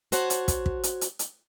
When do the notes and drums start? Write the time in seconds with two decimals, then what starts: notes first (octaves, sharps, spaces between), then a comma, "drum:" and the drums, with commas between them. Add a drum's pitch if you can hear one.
0.12 F#4 C5 C#5 F#5 A5, drum: hi-hat
0.30 drum: hi-hat
0.48 drum: kick, hi-hat
0.66 drum: kick
0.83 drum: hi-hat
1.01 drum: hi-hat
1.19 drum: hi-hat